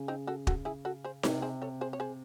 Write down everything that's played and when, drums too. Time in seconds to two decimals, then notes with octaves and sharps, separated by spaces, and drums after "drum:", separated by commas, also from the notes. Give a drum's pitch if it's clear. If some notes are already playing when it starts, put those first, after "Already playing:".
Already playing: C#3
0.08 C4 D#4
0.27 F#4 A4
0.47 F#4 A4, drum: kick
0.65 E4 G#4
0.85 F#4 A4
1.05 G#4 C5
1.23 C3 A4 C#5, drum: snare D#4
1.42 G#4 C5
1.62 A4 C#5
1.81 G#4 C5
1.93 C#5
2.00 G#4 C5